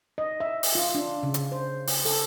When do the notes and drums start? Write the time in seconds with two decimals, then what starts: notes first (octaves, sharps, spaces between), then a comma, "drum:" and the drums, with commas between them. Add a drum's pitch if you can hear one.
0.18 D#5
0.40 E5
0.63 drum: open hi-hat
0.75 F4
0.95 D4
1.23 C#3
1.34 drum: hi-hat
1.52 C5
1.87 drum: open hi-hat
2.05 A4, drum: open hi-hat